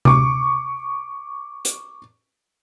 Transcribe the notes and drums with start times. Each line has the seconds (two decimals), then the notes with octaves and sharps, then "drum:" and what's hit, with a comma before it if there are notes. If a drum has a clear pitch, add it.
0.05 C#6 D6, drum: tom C3
1.65 drum: hi-hat